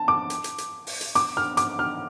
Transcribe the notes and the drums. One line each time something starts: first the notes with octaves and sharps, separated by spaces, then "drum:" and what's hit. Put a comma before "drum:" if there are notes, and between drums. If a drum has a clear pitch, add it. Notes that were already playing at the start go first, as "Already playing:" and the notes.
Already playing: A5
D6
drum: hi-hat
drum: hi-hat
drum: hi-hat
drum: open hi-hat
drum: hi-hat
D6, drum: hi-hat
F6
D6, drum: hi-hat
F6